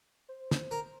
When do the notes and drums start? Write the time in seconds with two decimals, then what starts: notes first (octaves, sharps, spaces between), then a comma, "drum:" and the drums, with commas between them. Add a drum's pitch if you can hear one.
0.29 C5
0.51 drum: snare
0.71 A#4